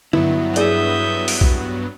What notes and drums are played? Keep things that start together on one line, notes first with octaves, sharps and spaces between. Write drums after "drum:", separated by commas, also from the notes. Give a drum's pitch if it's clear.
G2 F#3 B3 E4, drum: tom D3
G#4 D5 E5 D#6 G6, drum: hi-hat
drum: open hi-hat
drum: kick B1